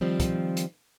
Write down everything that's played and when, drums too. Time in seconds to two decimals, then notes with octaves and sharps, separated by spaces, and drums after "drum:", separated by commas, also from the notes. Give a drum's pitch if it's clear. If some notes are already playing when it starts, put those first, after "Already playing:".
0.01 D#3 F3 G3 C4
0.20 drum: kick, hi-hat
0.57 drum: hi-hat